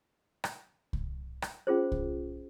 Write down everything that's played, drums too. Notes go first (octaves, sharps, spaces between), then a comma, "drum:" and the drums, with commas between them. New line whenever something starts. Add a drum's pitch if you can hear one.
drum: rim click
drum: kick C2
drum: rim click
C#4 F4 G#4 C5
drum: kick C2